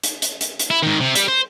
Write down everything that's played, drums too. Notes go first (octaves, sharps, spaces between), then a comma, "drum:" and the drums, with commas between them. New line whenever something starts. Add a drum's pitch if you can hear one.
drum: hi-hat
drum: hi-hat
drum: hi-hat
drum: hi-hat
E4
G#2 D#3
C3
G3 G4, drum: hi-hat
C5